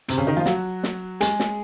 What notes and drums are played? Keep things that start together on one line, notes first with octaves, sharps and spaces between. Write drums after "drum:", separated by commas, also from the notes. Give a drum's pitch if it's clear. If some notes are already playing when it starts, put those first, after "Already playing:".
C3 C4, drum: hi-hat
C#3 C#4
D#3 D#4
F3 F4
F#3 F#4, drum: snare
drum: snare
G#3 G#4, drum: hi-hat
drum: snare